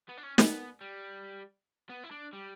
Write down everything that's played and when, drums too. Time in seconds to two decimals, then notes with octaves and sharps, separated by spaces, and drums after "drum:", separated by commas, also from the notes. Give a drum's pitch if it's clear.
0.09 B3
0.17 D4
0.23 C#4
0.38 B3, drum: snare
0.81 G3
1.90 B3
2.04 E4
2.11 D4
2.33 G3